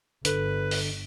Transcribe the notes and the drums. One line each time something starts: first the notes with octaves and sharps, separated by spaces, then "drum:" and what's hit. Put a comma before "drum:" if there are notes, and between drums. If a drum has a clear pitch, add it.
G1 D3 A4 B4, drum: hi-hat
drum: open hi-hat